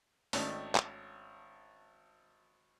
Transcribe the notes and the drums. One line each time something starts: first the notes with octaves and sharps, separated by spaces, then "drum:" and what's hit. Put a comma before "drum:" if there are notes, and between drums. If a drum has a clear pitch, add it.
G#1 A3 C#4 D4 D#5 G5, drum: open hi-hat
drum: clap